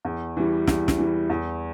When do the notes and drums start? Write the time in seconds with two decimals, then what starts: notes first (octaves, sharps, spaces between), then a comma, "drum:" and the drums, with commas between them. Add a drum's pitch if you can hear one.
0.05 E2
0.37 E3 G3
0.67 E2, drum: snare
0.88 drum: snare
0.98 E3 G3
1.30 E2